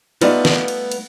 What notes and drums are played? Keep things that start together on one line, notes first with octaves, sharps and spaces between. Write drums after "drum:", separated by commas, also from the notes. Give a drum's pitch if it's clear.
G3 A3 B3 D#4 F4, drum: cymbal
drum: snare
drum: cymbal
drum: cymbal